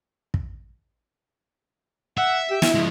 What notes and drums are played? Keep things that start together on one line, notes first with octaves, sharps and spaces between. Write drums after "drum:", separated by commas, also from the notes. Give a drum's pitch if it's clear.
drum: kick
E5 F#5
G4
E4, drum: snare
F3 G#3